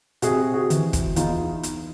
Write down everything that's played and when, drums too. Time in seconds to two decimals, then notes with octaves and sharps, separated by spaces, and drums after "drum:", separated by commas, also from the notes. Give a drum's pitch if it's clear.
0.22 C3 F#4 G#4, drum: hi-hat
0.54 F#4 G#4
0.70 E3, drum: hi-hat
0.93 drum: kick, hi-hat
1.16 E2 D#4 F4, drum: hi-hat
1.63 drum: hi-hat